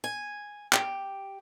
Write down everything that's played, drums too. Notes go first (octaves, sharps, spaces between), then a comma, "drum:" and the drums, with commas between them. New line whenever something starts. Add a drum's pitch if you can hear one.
G#5
G4, drum: clap